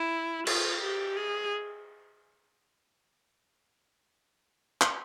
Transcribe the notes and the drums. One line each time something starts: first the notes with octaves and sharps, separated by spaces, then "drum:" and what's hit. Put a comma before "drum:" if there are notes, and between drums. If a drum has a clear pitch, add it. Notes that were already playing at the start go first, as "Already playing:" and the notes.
Already playing: E4
F4, drum: cymbal
G4
G#4
drum: clap